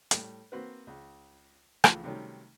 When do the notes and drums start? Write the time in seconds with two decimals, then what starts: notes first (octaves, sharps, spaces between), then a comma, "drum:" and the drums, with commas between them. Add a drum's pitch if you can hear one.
0.11 A2 G3, drum: hi-hat
0.52 A#3 C4 F#4 B4
0.87 C#2
1.84 C#2 E3 F3 A3, drum: rim click
2.04 C3 D#3 F#3 G3 A3 C#4